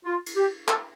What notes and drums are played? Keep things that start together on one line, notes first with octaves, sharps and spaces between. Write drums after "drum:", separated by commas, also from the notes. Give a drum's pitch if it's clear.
F4
drum: cymbal
G4
A4, drum: clap